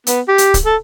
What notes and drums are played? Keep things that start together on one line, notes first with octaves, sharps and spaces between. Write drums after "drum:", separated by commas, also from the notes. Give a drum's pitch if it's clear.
B3, drum: hi-hat
G4
drum: hi-hat
drum: kick C#1, hi-hat
A4